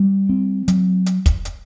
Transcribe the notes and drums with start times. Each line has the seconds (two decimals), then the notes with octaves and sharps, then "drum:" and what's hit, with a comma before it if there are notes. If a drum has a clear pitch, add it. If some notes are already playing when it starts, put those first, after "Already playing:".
Already playing: G3
0.29 C4
0.68 F#3, drum: hi-hat
1.06 drum: hi-hat
1.26 drum: kick, hi-hat
1.45 drum: hi-hat